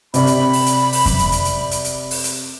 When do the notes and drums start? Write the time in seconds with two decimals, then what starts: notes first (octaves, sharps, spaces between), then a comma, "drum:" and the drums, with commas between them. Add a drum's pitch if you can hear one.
0.14 C3 G4 D5 B5, drum: hi-hat
0.27 drum: hi-hat
0.53 drum: open hi-hat
0.66 drum: hi-hat
0.93 drum: open hi-hat
1.06 drum: kick F2, hi-hat
1.19 drum: hi-hat
1.32 drum: hi-hat
1.45 drum: hi-hat
1.71 drum: hi-hat
1.84 drum: hi-hat
2.11 drum: open hi-hat
2.24 drum: hi-hat